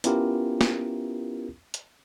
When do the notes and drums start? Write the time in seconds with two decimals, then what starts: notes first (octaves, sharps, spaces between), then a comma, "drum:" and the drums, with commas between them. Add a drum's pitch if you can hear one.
0.04 B3 C#4 E4 F4 G4 A#4, drum: hi-hat
0.61 drum: snare
1.74 drum: hi-hat